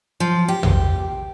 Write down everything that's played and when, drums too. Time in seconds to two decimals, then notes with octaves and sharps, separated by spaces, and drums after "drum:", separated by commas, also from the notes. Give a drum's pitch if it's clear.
0.20 F3
0.49 G4
0.63 drum: tom